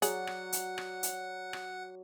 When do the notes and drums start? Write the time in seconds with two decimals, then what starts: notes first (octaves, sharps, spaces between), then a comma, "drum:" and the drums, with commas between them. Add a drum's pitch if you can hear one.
0.02 F#3 G#4 D5 F#5, drum: hi-hat
0.27 drum: rim click
0.52 drum: hi-hat
0.78 drum: rim click
1.03 drum: hi-hat
1.53 drum: rim click